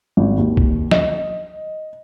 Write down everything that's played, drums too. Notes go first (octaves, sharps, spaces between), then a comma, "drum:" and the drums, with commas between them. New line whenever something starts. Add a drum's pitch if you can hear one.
G#1
D#2
drum: kick C2
D#5, drum: snare